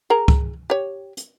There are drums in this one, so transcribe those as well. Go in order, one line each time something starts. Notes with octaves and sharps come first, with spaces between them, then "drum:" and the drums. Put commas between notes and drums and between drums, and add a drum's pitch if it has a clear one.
G#4 A#4 A#5
drum: kick C#2
G4 C#5
drum: hi-hat